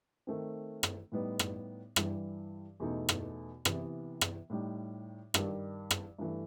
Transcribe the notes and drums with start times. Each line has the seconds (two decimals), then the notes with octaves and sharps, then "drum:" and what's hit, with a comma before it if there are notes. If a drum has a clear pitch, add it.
0.27 D#3 A3 C4
0.83 drum: rim click
1.12 A2 G3 B3 D#4
1.39 drum: rim click
1.96 G2 E3 G3, drum: rim click
2.80 E2 B2 A3 D#4
3.09 drum: rim click
3.65 C3 E3 B3, drum: rim click
4.21 drum: rim click
4.50 A2 G3 D#4
5.34 G2 D#3 G3, drum: rim click
5.91 drum: rim click
6.18 G2 E3 A3